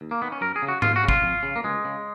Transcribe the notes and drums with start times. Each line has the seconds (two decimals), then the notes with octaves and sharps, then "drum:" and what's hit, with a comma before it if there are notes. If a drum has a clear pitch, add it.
0.01 D#2
0.11 A#3
0.22 D#3 B3
0.32 C#4
0.41 F#2 A#4
0.56 G#4
0.62 C#3
0.68 F#4
0.82 D#2 F4, drum: tom G#2
0.96 F#4
1.03 C#3
1.08 F4, drum: kick
1.23 F2
1.43 C#3
1.56 A#3
1.64 C#2 G#3
1.85 C#3